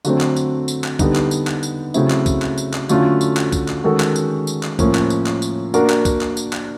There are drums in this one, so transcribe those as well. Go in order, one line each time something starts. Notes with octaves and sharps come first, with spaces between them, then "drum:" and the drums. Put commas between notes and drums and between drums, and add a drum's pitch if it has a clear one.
D3 F#3 A3 C4, drum: tambourine
drum: clap
drum: tambourine
drum: tambourine
drum: clap
D3 G3 B3 D#4, drum: kick B1, tambourine
drum: clap
drum: tambourine
drum: clap
drum: tambourine
C#3 F#3 A3 C4 E4, drum: tambourine
drum: clap
drum: kick B1, tambourine
drum: clap
drum: tambourine
drum: clap
D3 F#3 A3 C#4 F4, drum: tambourine
drum: tambourine
drum: clap
drum: kick B1, tambourine
drum: clap
D#3 G#3 C#4 F#4 A4
drum: clap
drum: tambourine
drum: tambourine
drum: clap
A2 F3 A#3 C#4, drum: kick B1, tambourine
drum: clap
drum: tambourine
drum: clap
drum: tambourine
A#3 D4 F#4 A#4 D5, drum: tambourine
drum: clap
drum: kick B1, tambourine
drum: clap
drum: tambourine
drum: clap